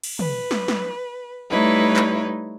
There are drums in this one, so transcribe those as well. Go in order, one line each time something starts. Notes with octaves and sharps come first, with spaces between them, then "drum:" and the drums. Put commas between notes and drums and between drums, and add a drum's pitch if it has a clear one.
drum: cymbal
B4, drum: tom
drum: snare
drum: snare
G3 A3 D#4 E4 B4 C#5
drum: clap